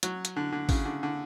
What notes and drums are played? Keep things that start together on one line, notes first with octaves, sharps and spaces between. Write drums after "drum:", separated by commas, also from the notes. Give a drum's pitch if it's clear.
F#3, drum: hi-hat
drum: hi-hat
D3
D3
C#3, drum: kick, open hi-hat
D3
D3